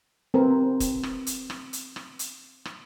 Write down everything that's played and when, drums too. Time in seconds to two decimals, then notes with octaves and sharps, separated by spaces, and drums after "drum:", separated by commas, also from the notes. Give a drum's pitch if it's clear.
0.34 C4 A#4 B4
0.80 drum: kick, hi-hat
1.03 drum: rim click
1.27 drum: hi-hat
1.50 drum: rim click
1.73 drum: hi-hat
1.96 drum: rim click
2.19 drum: hi-hat
2.65 drum: rim click